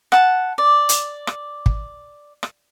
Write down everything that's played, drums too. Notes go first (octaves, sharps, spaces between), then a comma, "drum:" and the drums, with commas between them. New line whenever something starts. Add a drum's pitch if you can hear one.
F#5 A5, drum: rim click
D5
drum: hi-hat
drum: rim click
drum: kick
drum: rim click